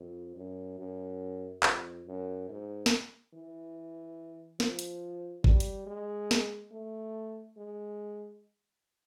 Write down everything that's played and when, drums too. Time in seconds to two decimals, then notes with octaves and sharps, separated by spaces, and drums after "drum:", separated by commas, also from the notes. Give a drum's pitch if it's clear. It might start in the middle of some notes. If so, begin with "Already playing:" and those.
Already playing: F2
0.36 F#2
0.79 F#2
1.63 F2, drum: clap
2.06 F#2
2.49 G#2
2.86 drum: snare
3.33 E3
4.60 F3, drum: snare
4.79 drum: hi-hat
5.44 G3, drum: kick
5.60 drum: hi-hat
5.86 G#3
6.31 drum: snare
6.72 A3
7.57 G#3